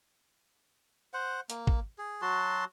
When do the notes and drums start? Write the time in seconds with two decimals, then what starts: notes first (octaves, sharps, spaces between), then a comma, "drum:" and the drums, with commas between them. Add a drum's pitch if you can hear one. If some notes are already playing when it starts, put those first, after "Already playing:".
1.13 C5 F#5
1.50 A#3, drum: hi-hat
1.67 drum: kick
1.98 G#4
2.22 F#3 F#4 A5 C6